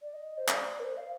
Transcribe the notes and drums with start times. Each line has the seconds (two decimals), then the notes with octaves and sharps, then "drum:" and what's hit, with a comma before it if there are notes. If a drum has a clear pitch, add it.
0.02 D5
0.13 D#5
0.38 C5
0.48 D5, drum: clap
0.80 A#4
0.84 C5
0.97 F5